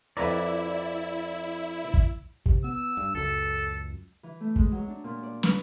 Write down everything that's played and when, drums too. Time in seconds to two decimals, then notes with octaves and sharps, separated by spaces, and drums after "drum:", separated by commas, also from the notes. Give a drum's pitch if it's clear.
0.17 F2 E4 B4 D5 A#5
1.94 drum: kick
2.46 C3, drum: kick
2.64 B3 E6
2.97 G2
3.15 C#2 F#2 A4
4.23 E3
4.41 A3
4.56 G#3, drum: kick
4.72 F#3
4.88 D4
5.04 A#2
5.23 D5
5.43 B4, drum: snare